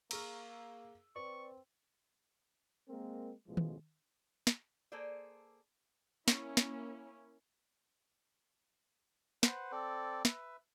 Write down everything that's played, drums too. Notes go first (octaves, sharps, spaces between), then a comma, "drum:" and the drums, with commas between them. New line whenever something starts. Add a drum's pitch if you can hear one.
A#3 G#4 A#5 C#6 E6 F6, drum: cymbal
C4 B4 D5 C#6
G#3 A#3 C4 A#4
A1 B2 F3 G#3
drum: tom D#3
drum: snare
A#3 G#4 A4 C5 D5
A#3 C#4 E4, drum: snare
drum: snare
B4 C5 F#5, drum: snare
C4 A4 D5
B4 E5, drum: snare